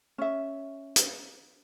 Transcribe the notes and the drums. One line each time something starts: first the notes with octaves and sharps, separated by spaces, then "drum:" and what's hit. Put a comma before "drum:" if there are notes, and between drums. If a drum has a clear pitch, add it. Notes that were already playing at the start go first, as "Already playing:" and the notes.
C#4 E5
drum: hi-hat